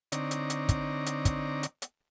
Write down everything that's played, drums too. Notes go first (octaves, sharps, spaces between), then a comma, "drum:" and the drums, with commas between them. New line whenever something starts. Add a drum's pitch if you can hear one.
D3 C4 D#4 C#5 D5 A#5, drum: hi-hat
drum: hi-hat
drum: hi-hat
drum: kick, hi-hat
drum: hi-hat
drum: kick, hi-hat
drum: hi-hat
drum: hi-hat